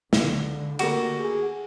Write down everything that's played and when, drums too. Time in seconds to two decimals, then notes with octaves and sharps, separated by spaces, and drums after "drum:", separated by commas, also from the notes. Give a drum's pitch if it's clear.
0.13 C#2 D3, drum: snare
0.79 G3 A3 A#3 F#4, drum: cymbal
1.20 G#4